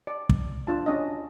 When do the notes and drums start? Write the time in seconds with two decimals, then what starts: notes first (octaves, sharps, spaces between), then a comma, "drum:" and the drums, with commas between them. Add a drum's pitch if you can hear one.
0.07 D5
0.29 drum: kick
0.67 D4 F4 A5
0.86 C#4 D4 D#5